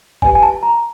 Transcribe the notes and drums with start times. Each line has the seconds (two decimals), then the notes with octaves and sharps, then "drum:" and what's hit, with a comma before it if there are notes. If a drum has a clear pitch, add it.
0.22 G4 B4 D5 G#5, drum: kick
0.35 G#5
0.43 A5
0.63 A#5